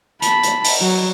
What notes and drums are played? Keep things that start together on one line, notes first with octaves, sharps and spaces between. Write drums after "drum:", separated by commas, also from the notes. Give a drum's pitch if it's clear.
A5 B5, drum: hi-hat
drum: hi-hat
drum: open hi-hat
F#3